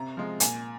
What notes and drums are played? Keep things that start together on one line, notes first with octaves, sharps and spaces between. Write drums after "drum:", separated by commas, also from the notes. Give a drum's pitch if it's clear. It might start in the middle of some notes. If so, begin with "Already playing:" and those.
Already playing: C3 A#5
F3 G#3
A#2 G#5, drum: hi-hat